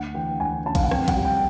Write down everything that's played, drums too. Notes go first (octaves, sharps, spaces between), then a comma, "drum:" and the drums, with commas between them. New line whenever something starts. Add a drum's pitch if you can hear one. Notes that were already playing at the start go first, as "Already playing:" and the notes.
Already playing: D2 F#5
E3 G5
D2 G#5
C#3 A5
F5, drum: kick A#1, cymbal
F#5
F2 G5, drum: rim click
F#5, drum: kick A#1, cymbal
G3
G5